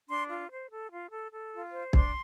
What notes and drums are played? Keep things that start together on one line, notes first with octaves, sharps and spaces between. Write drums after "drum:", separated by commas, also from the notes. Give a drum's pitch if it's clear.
D4 C6
F4
C5
A4
F4
A4
A4
F4
C5
D4 C6, drum: kick